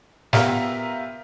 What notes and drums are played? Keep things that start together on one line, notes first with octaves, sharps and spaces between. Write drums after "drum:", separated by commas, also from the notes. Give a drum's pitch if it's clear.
B3 F4 G4 A#4 E5 F5, drum: snare